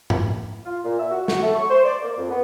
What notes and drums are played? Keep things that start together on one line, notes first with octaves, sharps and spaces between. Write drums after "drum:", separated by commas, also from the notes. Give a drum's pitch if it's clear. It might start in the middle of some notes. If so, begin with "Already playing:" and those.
drum: tom G#2
F4
A#2
E5
F#4
F#4, drum: snare
A3
C#6
C5
D5
A#3
F2
B3